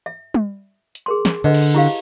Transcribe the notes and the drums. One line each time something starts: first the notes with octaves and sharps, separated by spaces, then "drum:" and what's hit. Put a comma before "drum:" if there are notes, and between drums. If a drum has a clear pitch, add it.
E5
drum: tom G3
drum: hi-hat
G#4 A#4 C6
drum: snare
D3 B4 D#5
drum: cymbal
E4 G4 F5